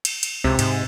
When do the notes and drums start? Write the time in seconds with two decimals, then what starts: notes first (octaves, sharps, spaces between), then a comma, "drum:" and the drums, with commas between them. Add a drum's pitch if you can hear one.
0.05 drum: cymbal
0.23 drum: cymbal
0.44 C#2 C3
0.59 G#2, drum: cymbal